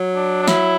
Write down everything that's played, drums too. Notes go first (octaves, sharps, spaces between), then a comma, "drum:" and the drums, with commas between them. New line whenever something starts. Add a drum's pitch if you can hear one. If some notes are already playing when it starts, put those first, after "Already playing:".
Already playing: F#3
D4
D4
E4, drum: snare